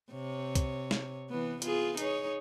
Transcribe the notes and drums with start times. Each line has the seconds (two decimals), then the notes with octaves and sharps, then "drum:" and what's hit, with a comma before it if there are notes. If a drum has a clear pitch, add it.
0.12 C3 C#5
0.55 drum: kick C2, hi-hat
0.91 drum: snare
1.30 E3 B3
1.62 B3 F4 G#4, drum: hi-hat
1.97 D#4 G#4 C#5, drum: hi-hat